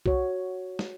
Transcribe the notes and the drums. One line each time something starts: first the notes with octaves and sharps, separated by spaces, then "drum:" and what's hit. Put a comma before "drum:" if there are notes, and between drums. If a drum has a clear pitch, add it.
F#4 C#5, drum: kick B1
drum: snare